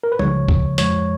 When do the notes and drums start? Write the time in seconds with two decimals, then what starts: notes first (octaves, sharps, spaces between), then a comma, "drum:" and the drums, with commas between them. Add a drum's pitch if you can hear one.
0.04 A#4
0.12 B4
0.19 C#2 C#3 F3 C#5, drum: tom G3
0.49 drum: kick
0.78 F2 F3 G#3 C#5, drum: hi-hat